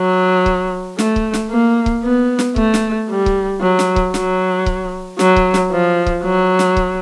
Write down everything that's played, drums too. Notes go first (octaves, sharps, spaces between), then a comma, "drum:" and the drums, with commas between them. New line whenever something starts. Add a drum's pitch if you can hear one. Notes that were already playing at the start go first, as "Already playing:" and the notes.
Already playing: F#3
drum: kick C#1
A3, drum: snare
drum: kick C#1
drum: snare
A#3
drum: kick C#1
B3
drum: snare
A3, drum: kick C#1
drum: snare
G3
drum: kick C#1
F#3
drum: snare
drum: kick C#1
F#3, drum: snare
drum: kick C#1
F#3, drum: snare
drum: kick C#1
drum: snare
F3
drum: kick C#1
F#3
drum: snare
drum: kick C#1